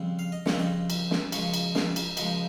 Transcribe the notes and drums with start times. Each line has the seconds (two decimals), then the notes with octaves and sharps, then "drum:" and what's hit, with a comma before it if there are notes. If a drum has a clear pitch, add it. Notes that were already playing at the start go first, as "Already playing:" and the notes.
Already playing: F2 C#3 G3 C4
0.19 F5
0.32 D#5
0.46 F2 C#3 G3 C4 C#5, drum: snare
0.59 D#5
0.90 drum: cymbal
1.11 drum: snare
1.32 C#3 F3 G#3 C#5, drum: cymbal
1.54 drum: cymbal
1.75 F5, drum: snare
1.96 drum: cymbal
2.17 C#3 F3 G#3 D#5, drum: cymbal